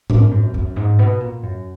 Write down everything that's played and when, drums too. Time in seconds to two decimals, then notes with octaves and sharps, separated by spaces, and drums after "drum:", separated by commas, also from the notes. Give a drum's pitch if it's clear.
0.10 G#2, drum: tom A2
0.31 F#2
0.54 F#2
0.76 G#2
0.99 B2
1.20 A#2
1.43 F#2